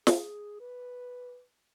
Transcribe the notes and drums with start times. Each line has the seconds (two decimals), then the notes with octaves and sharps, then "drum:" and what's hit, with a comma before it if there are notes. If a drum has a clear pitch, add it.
0.07 G#4, drum: snare
0.60 B4